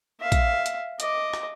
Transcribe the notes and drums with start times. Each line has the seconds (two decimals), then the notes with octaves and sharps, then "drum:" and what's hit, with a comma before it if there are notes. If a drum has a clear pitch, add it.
0.20 E5 F5
0.32 drum: kick, hi-hat
0.66 drum: hi-hat
1.00 D#5 D6, drum: hi-hat
1.34 drum: rim click